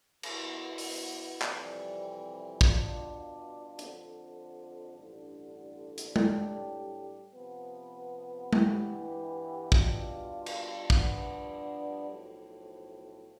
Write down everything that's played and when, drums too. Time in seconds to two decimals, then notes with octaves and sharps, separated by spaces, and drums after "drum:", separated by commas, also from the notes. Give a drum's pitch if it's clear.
0.23 B2 B3 E4, drum: cymbal
0.78 drum: open hi-hat
1.42 F2 C3 E3 G3, drum: clap
2.61 B2 G3 D4 F4, drum: kick
3.79 F2 D3 F3, drum: hi-hat
4.97 A1 G2 D3
5.98 drum: hi-hat
6.16 A2 G3 D4 G4, drum: tom G#3
7.34 C3 F3 B3
8.53 G2 E3 B3 E4 G4, drum: tom G#3
9.72 B2 G3 D4 F4, drum: kick
10.46 drum: cymbal
10.90 G2 F3 B3 D4, drum: kick
12.08 B1 A2 F3